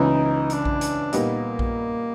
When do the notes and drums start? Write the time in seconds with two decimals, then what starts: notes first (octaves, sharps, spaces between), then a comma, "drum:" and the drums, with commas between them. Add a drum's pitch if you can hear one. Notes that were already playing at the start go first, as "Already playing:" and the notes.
Already playing: C#2 C#3 E3 D#4
0.50 D4, drum: hi-hat
0.65 drum: kick A#1
0.81 drum: hi-hat
1.13 A#2 G3 A#3 B3 D#4, drum: hi-hat
1.59 drum: kick A#1